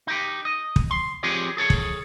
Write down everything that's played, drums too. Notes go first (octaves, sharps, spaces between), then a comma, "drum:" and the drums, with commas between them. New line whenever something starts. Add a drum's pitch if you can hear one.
D#4 G4
D#5
drum: kick
C6
F3 C4 G4 G#4 C#5 D#5
G#4 A4 C#5
drum: kick